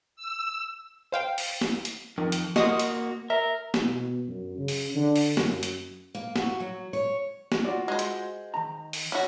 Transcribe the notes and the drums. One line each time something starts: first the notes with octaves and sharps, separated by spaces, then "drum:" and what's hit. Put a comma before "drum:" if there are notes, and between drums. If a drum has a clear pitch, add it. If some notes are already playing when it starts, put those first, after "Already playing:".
E6
C5 F5 G5
drum: open hi-hat
drum: snare
drum: hi-hat
F2 D#3
drum: hi-hat
A#3 F#4 D#5 C6 D#6, drum: snare
drum: hi-hat
A#4 E5
drum: snare
B2
F#2
C#3
drum: open hi-hat
D3
drum: open hi-hat
F#2, drum: snare
drum: hi-hat
A#3
F#4, drum: snare
F#3
C#5
drum: snare
F4 F#4 D5
G#3 C5
drum: hi-hat
D#3 A#5
drum: open hi-hat
C#4 F#4